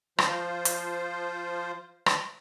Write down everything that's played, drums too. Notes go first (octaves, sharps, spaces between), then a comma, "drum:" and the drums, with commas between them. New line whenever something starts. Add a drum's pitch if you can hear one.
F3 F4 C5, drum: rim click
drum: hi-hat
drum: rim click